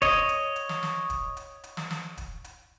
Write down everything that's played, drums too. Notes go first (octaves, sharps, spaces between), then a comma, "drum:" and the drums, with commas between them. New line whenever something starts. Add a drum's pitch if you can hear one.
C#5 D#5, drum: kick, hi-hat
drum: hi-hat
drum: hi-hat
drum: snare
drum: snare
drum: kick, hi-hat
drum: hi-hat
drum: hi-hat
drum: snare
drum: snare
drum: kick, hi-hat
drum: hi-hat